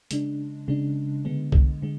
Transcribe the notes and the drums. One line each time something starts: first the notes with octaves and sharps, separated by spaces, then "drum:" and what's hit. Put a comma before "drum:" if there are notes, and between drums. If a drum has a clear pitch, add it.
C#3 G#3 D4, drum: hi-hat
C#3 G#3 D4
D3 G#3 B3
drum: kick C2
D3 G#3